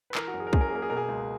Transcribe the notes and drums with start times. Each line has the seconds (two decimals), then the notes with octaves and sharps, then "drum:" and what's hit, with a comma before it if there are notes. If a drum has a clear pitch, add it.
0.10 B4
0.15 E3 A#4, drum: clap
0.27 F#4
0.34 F#2
0.40 G#4
0.47 A#4
0.53 C#4 G#4, drum: kick
0.61 A#4
0.68 G#4
0.71 A#3 A#4
0.82 G#4
0.90 B2 A#4
0.97 G#4
1.09 C#2